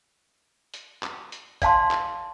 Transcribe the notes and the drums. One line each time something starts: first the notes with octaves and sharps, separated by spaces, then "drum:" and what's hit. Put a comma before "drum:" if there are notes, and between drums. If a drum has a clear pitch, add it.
drum: hi-hat
drum: clap
drum: hi-hat
D5 F5 A5 C6, drum: kick, hi-hat
drum: clap